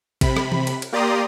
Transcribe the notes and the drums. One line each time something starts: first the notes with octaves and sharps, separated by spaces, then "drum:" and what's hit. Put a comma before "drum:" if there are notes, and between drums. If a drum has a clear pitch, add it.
C3 B5, drum: kick A1, cymbal
drum: rim click
drum: tom E3
drum: cymbal
drum: cymbal
A#3 G4 D5 A#5 C6 D#6